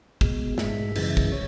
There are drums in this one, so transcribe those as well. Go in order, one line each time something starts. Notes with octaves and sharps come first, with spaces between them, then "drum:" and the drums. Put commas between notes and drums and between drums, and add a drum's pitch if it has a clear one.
B2 G#3, drum: kick
G#2 G#3 E5, drum: snare
F#2 C#3 E3 G#3, drum: cymbal
drum: kick
C#5